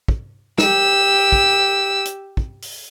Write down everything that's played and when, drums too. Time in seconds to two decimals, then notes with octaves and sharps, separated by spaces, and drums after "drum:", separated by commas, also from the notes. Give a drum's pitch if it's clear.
0.08 drum: kick
0.58 G4 E6, drum: snare
1.32 drum: kick
2.05 drum: hi-hat
2.37 drum: kick
2.62 drum: open hi-hat